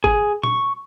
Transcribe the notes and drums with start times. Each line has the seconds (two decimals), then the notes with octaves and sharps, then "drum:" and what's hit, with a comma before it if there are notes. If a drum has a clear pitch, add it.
0.04 G#4, drum: kick
0.43 C#6, drum: tom A#2